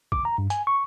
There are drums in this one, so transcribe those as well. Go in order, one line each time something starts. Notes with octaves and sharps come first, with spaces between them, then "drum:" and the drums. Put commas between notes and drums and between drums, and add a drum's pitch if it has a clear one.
D6, drum: kick
A#5
G2
G#5, drum: hi-hat
C#6